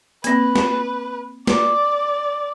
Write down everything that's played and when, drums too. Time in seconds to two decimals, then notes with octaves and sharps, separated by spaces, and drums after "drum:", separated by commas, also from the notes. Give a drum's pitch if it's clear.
0.24 A#3 C4 B4, drum: hi-hat
0.55 drum: snare
1.47 D5, drum: snare